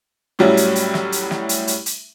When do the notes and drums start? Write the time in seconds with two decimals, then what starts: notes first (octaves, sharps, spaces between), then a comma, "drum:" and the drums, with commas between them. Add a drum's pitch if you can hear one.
0.39 A2 F#3 G3 C#4 E4
0.57 drum: hi-hat
0.76 drum: hi-hat
0.94 drum: snare
1.12 drum: hi-hat
1.31 drum: snare
1.49 drum: hi-hat
1.67 drum: hi-hat
1.86 drum: hi-hat